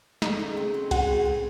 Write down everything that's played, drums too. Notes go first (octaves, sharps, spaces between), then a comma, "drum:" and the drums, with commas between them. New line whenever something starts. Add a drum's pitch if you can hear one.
A3 D#4, drum: snare
C#3
C4
F#3
G#3 F#4, drum: kick C2, cymbal
A2
C4